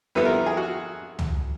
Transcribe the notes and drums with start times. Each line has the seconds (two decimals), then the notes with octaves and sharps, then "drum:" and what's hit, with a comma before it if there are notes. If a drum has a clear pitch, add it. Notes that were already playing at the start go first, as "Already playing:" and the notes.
0.15 F2 D3 G3 B3 E4 B4
0.25 A#4
0.46 G#4
0.57 F#4
1.19 drum: tom C#2